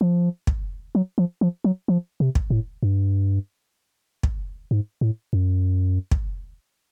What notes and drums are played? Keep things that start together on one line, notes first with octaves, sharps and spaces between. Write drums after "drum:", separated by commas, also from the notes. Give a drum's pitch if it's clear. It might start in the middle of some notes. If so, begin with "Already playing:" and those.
F3
drum: kick
F#3
F3
F3
F#3
F3
C3
drum: kick
A2
G2
drum: kick
G#2
A2
F#2
drum: kick